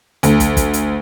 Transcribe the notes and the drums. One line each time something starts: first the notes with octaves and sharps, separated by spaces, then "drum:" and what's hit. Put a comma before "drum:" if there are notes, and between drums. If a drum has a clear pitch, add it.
D2, drum: hi-hat
drum: kick, hi-hat
drum: kick, hi-hat
drum: hi-hat